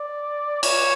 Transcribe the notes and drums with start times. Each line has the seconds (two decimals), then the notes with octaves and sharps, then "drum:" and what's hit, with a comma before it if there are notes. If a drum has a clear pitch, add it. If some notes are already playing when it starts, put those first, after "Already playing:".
Already playing: D5
0.63 C#5, drum: cymbal